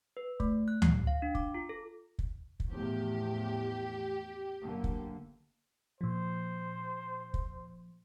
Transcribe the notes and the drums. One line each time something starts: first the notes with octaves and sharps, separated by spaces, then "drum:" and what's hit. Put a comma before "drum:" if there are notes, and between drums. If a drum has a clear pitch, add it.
B4
A3, drum: kick
F#6
C7, drum: tom D2
F5
D4
D6, drum: kick
F4
A4
drum: kick
drum: kick
E2 A2 F3 G4
F#1 D3 A#3
drum: kick
A#2 F3 C5
drum: kick